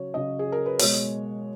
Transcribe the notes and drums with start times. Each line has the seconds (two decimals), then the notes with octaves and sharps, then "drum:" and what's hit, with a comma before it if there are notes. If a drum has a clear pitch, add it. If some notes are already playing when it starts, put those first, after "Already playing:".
Already playing: C#3 F#3 C#5
0.14 C#3 F#3 D#5
0.39 G#4
0.52 A#4
0.66 B4
0.79 B2 G#3 C#5, drum: open hi-hat